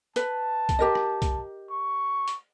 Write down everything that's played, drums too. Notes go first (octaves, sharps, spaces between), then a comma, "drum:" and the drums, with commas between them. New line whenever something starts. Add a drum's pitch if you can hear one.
B4 A5, drum: hi-hat
drum: kick, hi-hat
G4 A#4 D#5
drum: rim click
drum: kick, hi-hat
C#6
drum: hi-hat